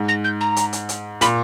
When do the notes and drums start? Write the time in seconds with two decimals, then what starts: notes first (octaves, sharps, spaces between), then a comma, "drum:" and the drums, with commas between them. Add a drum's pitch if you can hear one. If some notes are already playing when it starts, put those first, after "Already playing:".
Already playing: G#2
0.08 A#6
0.24 G6
0.41 A#5
0.56 drum: hi-hat
0.73 drum: hi-hat
0.89 drum: hi-hat
1.21 A#2 B5, drum: hi-hat